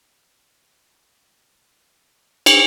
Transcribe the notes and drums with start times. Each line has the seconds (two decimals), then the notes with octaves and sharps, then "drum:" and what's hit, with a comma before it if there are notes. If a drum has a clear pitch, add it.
0.15 A3 F#4
0.68 F#3 A#3
1.02 F#3
1.35 C3 G#3
1.74 C5
2.11 G4
2.46 drum: cymbal